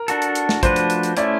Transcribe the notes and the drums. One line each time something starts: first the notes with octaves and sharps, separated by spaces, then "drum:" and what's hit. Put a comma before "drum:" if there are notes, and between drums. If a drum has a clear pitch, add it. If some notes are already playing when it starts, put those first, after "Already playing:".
Already playing: A#4
D4 F#4 A4, drum: hi-hat
drum: hi-hat
drum: hi-hat
drum: snare
F3 A3 D4 F#4 B4 C5, drum: kick, hi-hat
drum: hi-hat
drum: hi-hat
drum: hi-hat
A3 C#4 E4 D5, drum: hi-hat